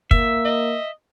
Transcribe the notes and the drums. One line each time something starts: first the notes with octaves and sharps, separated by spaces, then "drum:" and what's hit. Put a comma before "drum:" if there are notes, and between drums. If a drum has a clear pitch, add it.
A#3 E5, drum: kick
D#5